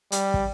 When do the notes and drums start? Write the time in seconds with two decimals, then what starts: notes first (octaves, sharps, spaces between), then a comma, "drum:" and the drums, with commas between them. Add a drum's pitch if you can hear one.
0.12 G3, drum: hi-hat
0.34 drum: kick